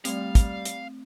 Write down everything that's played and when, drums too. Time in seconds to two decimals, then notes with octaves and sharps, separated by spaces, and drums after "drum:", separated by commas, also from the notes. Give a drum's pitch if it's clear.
0.05 G3 A3 C4 F5, drum: hi-hat
0.35 drum: kick, hi-hat
0.65 drum: hi-hat